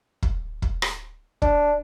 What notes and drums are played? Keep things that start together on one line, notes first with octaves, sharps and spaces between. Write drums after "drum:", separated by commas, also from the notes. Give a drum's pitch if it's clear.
drum: kick
drum: kick
drum: rim click
D4, drum: kick